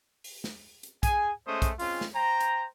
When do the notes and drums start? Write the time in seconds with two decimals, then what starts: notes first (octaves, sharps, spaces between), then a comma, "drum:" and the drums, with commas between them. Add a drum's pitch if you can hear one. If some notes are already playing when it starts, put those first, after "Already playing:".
0.24 drum: open hi-hat
0.44 drum: snare
0.83 drum: hi-hat
1.03 G#4 G#5, drum: kick, hi-hat
1.47 G#3 A3 C#4 C5 D#6
1.62 drum: kick, hi-hat
1.79 G#3 C4 C#4 F4, drum: open hi-hat
2.01 drum: snare
2.15 C5 G5 A#5
2.41 drum: hi-hat